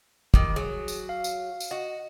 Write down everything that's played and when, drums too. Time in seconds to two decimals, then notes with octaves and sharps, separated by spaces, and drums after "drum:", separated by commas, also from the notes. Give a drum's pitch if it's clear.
0.34 D#3 G3, drum: kick
0.56 F#3 G#4
0.88 drum: tambourine
1.09 F5
1.24 drum: tambourine
1.60 drum: tambourine
1.71 F#4 D#5